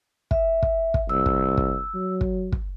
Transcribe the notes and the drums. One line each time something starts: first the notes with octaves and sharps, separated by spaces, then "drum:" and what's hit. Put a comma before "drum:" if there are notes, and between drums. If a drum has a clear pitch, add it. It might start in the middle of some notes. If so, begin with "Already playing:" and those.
E5, drum: kick
drum: kick
drum: kick
C2 E6
drum: kick
drum: kick
F#3
drum: kick
drum: kick